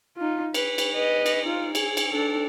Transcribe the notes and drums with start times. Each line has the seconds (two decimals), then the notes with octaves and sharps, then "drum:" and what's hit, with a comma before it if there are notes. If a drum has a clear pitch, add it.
0.17 D#4 F4
0.54 B4, drum: cymbal
0.78 drum: cymbal
0.94 B4 D#5
1.26 drum: cymbal
1.46 D#4 F4
1.75 G#4, drum: cymbal
1.97 drum: cymbal
2.13 D4 A4